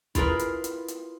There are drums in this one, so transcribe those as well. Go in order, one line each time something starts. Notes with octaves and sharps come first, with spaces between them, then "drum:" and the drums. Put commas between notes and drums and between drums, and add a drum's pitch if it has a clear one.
E4 F4 G#4 A#4 B4, drum: kick, hi-hat
drum: hi-hat
drum: hi-hat
drum: hi-hat